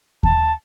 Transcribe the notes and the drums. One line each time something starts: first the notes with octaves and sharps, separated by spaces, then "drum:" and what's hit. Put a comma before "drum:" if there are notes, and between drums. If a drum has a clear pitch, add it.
A5, drum: kick D#2